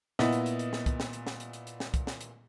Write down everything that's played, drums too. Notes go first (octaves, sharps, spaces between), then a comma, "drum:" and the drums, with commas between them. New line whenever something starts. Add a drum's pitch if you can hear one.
A#2 B3 E4 D#5, drum: snare
drum: hi-hat
drum: hi-hat
drum: hi-hat
drum: snare
drum: kick, hi-hat
drum: snare
drum: hi-hat
drum: snare
drum: hi-hat
drum: hi-hat
drum: hi-hat
drum: snare
drum: kick, hi-hat
drum: snare
drum: hi-hat